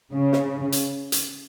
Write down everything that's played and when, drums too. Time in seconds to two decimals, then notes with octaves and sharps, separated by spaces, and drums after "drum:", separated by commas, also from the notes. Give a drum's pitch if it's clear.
0.13 C#3
0.33 drum: snare
0.72 drum: hi-hat
1.12 drum: hi-hat